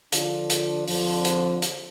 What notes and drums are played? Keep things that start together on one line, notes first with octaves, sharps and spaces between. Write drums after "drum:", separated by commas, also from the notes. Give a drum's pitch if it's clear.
D3 F3 D4 F4, drum: hi-hat
drum: hi-hat
F2 D3 F3, drum: open hi-hat
drum: hi-hat
drum: hi-hat